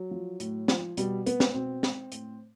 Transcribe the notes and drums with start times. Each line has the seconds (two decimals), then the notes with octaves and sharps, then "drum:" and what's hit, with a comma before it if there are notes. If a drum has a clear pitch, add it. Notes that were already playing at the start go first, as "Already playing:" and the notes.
Already playing: F#3
0.11 F3
0.40 A2, drum: hi-hat
0.68 F3, drum: snare
0.97 B2 G3, drum: hi-hat
1.26 B3, drum: hi-hat
1.40 drum: snare
1.54 B2 C4
1.83 drum: snare
2.12 A2, drum: hi-hat